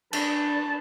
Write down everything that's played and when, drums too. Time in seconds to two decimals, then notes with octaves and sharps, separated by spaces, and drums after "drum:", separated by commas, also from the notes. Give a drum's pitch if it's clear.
0.13 D4 B4 A5, drum: cymbal